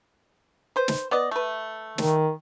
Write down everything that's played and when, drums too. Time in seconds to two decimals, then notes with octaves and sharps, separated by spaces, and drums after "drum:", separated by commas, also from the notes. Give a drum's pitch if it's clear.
0.76 B4 C5
0.88 drum: snare
1.11 B3 D5 D#5
1.31 A3 B4
1.98 D#3, drum: snare